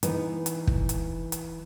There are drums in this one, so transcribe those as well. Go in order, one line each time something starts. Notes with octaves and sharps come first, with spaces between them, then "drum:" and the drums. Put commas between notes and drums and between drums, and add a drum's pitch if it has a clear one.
E3 B3 D#4, drum: hi-hat
drum: hi-hat
drum: kick
drum: hi-hat
drum: hi-hat